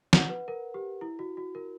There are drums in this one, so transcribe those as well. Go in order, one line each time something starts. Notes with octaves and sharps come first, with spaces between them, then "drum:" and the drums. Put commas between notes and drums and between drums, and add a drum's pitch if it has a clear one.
F#5, drum: snare
B4
A#4
G4
E4
F#4
F#4
A#4